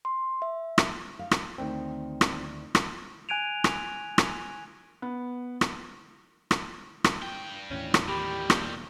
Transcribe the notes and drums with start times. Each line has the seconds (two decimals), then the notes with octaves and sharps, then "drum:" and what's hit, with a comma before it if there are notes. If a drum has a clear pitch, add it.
0.05 C6
0.42 E5
0.78 drum: rim click
1.19 F5
1.31 drum: rim click
1.58 D2 D#3 C4
2.21 drum: rim click
2.75 drum: rim click
3.29 G#5 F#6 G#6 D7 D#7 F7
3.64 drum: rim click
4.18 drum: rim click
5.02 B3
5.61 drum: rim click
6.51 drum: rim click
7.04 drum: rim click
7.22 G2 G5
7.70 D#2 A2 E3 C#4
7.94 drum: rim click
8.08 D#3 G3 G4 B5
8.50 E1 A#3 G7, drum: rim click